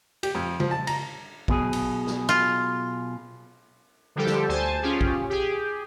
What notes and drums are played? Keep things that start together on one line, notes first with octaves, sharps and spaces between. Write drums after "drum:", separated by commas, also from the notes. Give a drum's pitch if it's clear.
G4, drum: cymbal
F2
F3, drum: tom C#3
A5
A#5, drum: cymbal
B1 B2 G#4, drum: kick A#1
drum: cymbal
drum: snare
F4
D3 F3 G3 G4 A4
drum: snare
D2 C5 G#5 A5
C#4 F4 G4 G#4
drum: kick A#1
G4 G#4